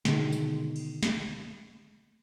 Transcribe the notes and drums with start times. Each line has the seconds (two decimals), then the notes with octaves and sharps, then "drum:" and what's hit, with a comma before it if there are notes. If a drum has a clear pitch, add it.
0.05 B2 D3 D#3 G#3, drum: snare
0.33 drum: tambourine
0.76 drum: cymbal
1.03 drum: snare